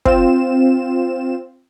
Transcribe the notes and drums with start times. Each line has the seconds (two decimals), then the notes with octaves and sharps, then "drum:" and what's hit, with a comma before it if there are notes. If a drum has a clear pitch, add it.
0.05 C4 F4 E7, drum: kick